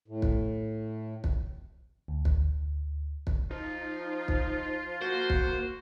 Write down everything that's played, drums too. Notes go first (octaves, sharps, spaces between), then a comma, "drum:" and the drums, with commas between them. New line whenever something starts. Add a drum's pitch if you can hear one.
A2
drum: kick
drum: kick
D2
drum: kick
drum: kick
F3 D#4 F4
drum: kick
A#3 F#4 C5
drum: kick